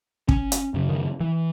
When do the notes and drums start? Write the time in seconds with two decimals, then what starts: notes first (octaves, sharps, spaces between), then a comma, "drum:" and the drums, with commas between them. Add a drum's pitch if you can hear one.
0.29 C#4, drum: kick
0.52 drum: hi-hat
0.74 F#2 C#3
0.89 D#3
1.20 E3